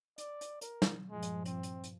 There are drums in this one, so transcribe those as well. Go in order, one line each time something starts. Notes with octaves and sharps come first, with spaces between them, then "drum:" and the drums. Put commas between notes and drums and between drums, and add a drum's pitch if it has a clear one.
D5, drum: hi-hat
drum: hi-hat
A#4, drum: hi-hat
drum: snare
G2 A#2 F3 G#3
drum: hi-hat
C4, drum: hi-hat
drum: hi-hat
drum: hi-hat